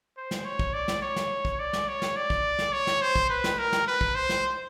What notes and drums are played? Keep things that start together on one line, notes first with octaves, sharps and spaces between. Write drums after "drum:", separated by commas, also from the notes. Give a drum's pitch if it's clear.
C5
drum: snare
C#5
drum: kick
D5
drum: snare
C#5
drum: snare
drum: kick
D5
drum: snare
C#5
drum: snare
D5
drum: kick
drum: snare
C#5
drum: snare
C5
drum: kick
B4
drum: snare
A#4
drum: snare
B4
drum: kick
C5
drum: snare